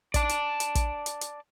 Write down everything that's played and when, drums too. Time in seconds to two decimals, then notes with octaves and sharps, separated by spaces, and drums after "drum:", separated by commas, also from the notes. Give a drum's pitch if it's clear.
0.14 D5 A5, drum: kick, hi-hat
0.29 drum: hi-hat
0.60 drum: hi-hat
0.75 drum: kick, hi-hat
1.06 drum: hi-hat
1.21 drum: hi-hat